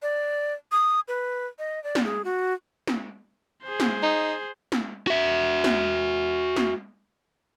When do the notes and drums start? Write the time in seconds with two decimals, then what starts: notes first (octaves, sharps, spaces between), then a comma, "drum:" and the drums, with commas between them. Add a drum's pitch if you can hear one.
0.02 D5
0.72 D#6
1.08 B4
1.59 D#5
1.84 D5
1.95 drum: snare
2.04 G#4
2.25 F#4
2.87 drum: snare
3.64 G#4 C5
3.80 drum: snare
4.03 D#4
4.72 drum: snare
5.07 F#4 E5
5.64 drum: snare
6.56 drum: snare